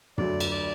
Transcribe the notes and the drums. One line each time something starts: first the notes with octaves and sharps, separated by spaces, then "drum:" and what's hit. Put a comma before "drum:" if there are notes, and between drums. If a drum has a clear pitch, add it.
D2 D3 F#3 D5, drum: tom
drum: cymbal
D5